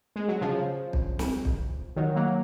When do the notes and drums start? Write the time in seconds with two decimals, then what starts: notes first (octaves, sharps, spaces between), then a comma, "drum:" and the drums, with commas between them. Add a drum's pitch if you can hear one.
0.16 G#3
0.28 F#3
0.41 C#3 F3
0.93 drum: kick
1.19 drum: snare
1.45 drum: kick
1.96 D#3 F#3
2.16 F#3 A#3